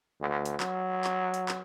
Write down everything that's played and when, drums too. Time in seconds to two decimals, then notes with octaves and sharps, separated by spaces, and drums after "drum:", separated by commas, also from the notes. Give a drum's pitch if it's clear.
0.21 D2
0.45 drum: hi-hat
0.60 F#3, drum: clap
1.04 drum: clap
1.34 drum: hi-hat
1.48 drum: clap